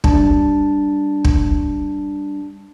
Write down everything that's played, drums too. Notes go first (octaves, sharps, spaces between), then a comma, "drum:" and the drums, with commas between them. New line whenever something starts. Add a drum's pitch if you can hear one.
G3 D4 A5, drum: kick
drum: kick